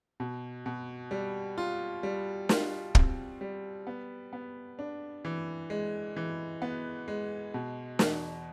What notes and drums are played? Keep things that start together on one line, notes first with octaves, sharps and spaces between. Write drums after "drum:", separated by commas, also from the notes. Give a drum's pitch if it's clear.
B2
B2
G3
F4
G3
F4, drum: snare
C4, drum: kick
G3
B3
B3
D4
E3
G#3
E3
B3
G#3
B2
E2, drum: snare